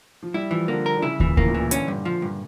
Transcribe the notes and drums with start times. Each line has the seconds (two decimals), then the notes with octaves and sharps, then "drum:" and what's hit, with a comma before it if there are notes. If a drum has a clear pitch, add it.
0.23 F3
0.34 G3 E4
0.51 E3 F3
0.68 D3 A#3
0.86 A#4
0.97 D3
1.02 C#3 E4
1.20 A#2 E3, drum: kick
1.37 A2 A#3, drum: kick
1.49 A#2
1.54 E3
1.60 A#2
1.71 D3 C#4, drum: hi-hat
1.88 G2
2.05 F3
2.22 G2